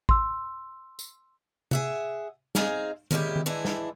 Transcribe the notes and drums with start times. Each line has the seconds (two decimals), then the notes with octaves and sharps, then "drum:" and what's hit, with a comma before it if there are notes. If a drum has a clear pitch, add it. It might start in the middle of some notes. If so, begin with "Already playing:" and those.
0.09 C6 E6, drum: kick
0.99 drum: tambourine
1.71 G#4 E5 F#5, drum: tom C3
2.55 C4 D#4 G#4 F5 G#5, drum: snare
3.11 A#2 C#3 G#3 E4 G4, drum: tom D#3
3.36 drum: tom D#3
3.46 E3 G#3 D4 E4
3.65 drum: snare